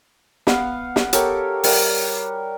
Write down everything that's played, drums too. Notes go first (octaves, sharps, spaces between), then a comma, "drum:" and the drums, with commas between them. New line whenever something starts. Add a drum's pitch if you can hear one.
B3 F5 F#5, drum: snare
drum: snare
G4 A4 A#4 C#5, drum: hi-hat
G3 A#4 F#5, drum: open hi-hat